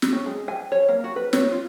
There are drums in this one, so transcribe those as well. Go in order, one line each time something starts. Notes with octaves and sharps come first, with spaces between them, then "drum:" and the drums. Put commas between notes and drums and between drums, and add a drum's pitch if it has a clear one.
drum: snare
C#4
G#3
G#5
C#5
A#3
F#4
B4
C#5, drum: snare
F4